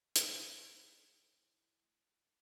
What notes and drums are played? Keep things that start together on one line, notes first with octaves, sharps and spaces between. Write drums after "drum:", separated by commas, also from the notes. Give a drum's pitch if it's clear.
A2 G5 A#5, drum: hi-hat